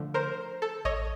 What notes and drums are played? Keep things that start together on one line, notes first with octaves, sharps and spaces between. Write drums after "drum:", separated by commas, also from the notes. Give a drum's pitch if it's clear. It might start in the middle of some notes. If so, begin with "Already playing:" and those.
Already playing: D3 F3 A3
A#4 C5
A4
C#5 D#5, drum: kick A1